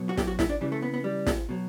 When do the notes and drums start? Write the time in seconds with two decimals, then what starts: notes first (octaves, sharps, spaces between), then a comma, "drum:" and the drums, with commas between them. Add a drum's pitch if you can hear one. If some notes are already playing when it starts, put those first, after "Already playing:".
Already playing: B2 F#3
0.09 F#4
0.17 G4, drum: snare
0.27 F#4
0.39 E4, drum: snare
0.50 D4
0.61 C#3 E3 G3
0.72 A3
0.82 B3
0.94 B3
1.04 G3
1.27 drum: snare
1.49 B2 F#3